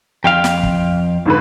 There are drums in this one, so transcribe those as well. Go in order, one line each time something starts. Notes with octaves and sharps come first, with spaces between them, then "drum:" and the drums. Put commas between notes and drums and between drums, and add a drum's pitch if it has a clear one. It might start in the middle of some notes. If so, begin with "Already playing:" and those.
F2 F5 G5
drum: snare
drum: kick
G#1 D3 B4